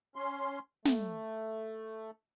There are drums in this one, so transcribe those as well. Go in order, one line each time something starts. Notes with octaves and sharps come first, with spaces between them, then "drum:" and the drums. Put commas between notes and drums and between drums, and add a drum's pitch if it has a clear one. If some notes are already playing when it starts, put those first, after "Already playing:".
C#4 C6
A3, drum: snare